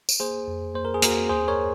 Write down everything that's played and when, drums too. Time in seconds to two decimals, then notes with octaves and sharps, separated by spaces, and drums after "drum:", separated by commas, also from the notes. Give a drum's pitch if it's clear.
0.09 drum: tambourine
0.20 A#3 G#4 C5
0.48 F2
0.74 A#3 C5
0.85 A#4
0.94 G#4
1.02 A#3 F#4 A#4, drum: hi-hat
1.29 D#2 G#4 C5
1.48 A#4 C#5